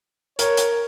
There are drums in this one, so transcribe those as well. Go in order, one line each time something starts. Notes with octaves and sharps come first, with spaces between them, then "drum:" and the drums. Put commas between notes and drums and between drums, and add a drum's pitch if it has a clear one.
A#4 C#5, drum: hi-hat
drum: hi-hat